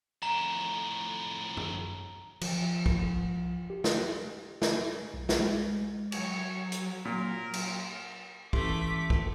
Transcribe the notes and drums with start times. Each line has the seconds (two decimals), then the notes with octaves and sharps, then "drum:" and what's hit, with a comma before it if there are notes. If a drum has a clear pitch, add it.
0.23 F2 A2 A#5
1.57 drum: tom
2.41 F3, drum: cymbal
2.86 drum: kick
3.70 G4
3.84 drum: snare
4.62 drum: snare
5.14 B1
5.29 drum: snare
5.40 G#3
6.12 F#3 C#5, drum: cymbal
6.72 drum: hi-hat
7.05 A#2 A#4
7.54 drum: cymbal
8.53 E3 A3 C#4 G4 C6 D6 B6, drum: kick
9.10 drum: kick